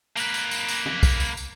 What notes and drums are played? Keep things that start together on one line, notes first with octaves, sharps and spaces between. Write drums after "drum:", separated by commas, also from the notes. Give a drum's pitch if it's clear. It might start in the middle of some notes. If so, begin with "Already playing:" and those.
A#3 B4, drum: tambourine
drum: tambourine
drum: tambourine
drum: tambourine
drum: tom
drum: kick B1, tambourine
drum: tambourine
drum: tambourine